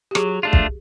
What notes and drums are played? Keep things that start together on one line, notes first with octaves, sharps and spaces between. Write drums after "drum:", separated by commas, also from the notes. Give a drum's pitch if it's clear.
G4
F#3 G#4, drum: rim click
A3 D4 F4
drum: kick